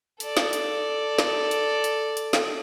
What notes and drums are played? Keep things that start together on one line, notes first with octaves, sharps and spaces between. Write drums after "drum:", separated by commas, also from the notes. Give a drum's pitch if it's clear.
A4 D5, drum: hi-hat
drum: snare
drum: hi-hat
drum: snare
drum: hi-hat
drum: hi-hat
drum: hi-hat
drum: snare